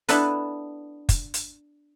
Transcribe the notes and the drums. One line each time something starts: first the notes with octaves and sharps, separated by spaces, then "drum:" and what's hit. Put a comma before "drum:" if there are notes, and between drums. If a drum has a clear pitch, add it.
B3 D4 E4 A4 B4, drum: hi-hat
drum: kick, hi-hat
drum: hi-hat